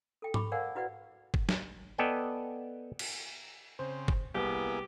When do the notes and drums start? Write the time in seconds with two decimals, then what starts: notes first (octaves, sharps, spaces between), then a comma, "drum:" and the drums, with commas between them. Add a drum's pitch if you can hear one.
0.22 A4 G5
0.34 B5 C#6 D6, drum: tom G#2
0.52 A#4 C5 D5 F5 F#5 G#5
0.75 E4 F#4 B4 D5 F#5
1.34 drum: kick
1.49 drum: snare
1.98 B3 A4 D5 D#5 G5 G#5
2.99 drum: cymbal
3.79 C#3 C4 C5
4.08 drum: kick
4.34 C2 A#3 B3 E4 G4 G#4